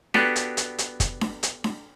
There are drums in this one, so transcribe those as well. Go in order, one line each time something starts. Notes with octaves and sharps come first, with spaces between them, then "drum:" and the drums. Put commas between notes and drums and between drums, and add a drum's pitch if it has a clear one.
B3 D4 F#4 G4 A4 B4, drum: snare D4
drum: hi-hat
drum: hi-hat
drum: hi-hat
drum: kick, hi-hat
drum: snare D4
drum: hi-hat
drum: snare D4